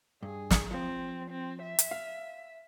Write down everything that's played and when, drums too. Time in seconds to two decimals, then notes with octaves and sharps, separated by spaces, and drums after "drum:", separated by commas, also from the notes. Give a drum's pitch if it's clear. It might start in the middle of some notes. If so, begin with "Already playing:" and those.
0.23 G2 G#4
0.51 drum: snare
0.71 F3 C4
1.30 C4
1.62 E5
1.79 drum: hi-hat
1.91 F5